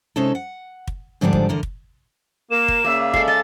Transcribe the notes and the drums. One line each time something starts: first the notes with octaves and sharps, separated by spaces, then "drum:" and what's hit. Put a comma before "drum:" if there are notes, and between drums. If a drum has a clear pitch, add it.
C3 G#3 C#4 D#4 E4 A4
F#5
drum: kick
G#2 D3 F3 G3 C4 D4
drum: kick
E2 D3 A#4
drum: kick
A#3 E7
drum: kick
C#3 A#3 D5 E5
G#3 A4 C7, drum: kick
D#5 A6